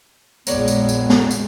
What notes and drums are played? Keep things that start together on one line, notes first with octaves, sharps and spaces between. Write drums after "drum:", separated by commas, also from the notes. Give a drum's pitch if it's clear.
A#1 F2 G#3 B3 A#4 C#5 D5, drum: tambourine
drum: tambourine
drum: tambourine
drum: snare
drum: tambourine